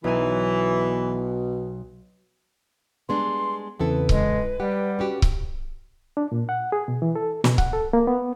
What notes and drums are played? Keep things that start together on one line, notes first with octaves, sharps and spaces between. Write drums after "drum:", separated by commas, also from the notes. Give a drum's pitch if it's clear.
B1 B2 E3 G#5
G3 G#3 B3 D4 C6
E2 C#3 B3 C4 E4 A4 B4
G#3, drum: kick C#1
G3 G4 F#5
C#4 F#4 G4
drum: kick C#1
D4
A#2
F#5
G#4
B2
E3
A4
B2, drum: snare
F#5, drum: kick C#1
A4
A#3
B3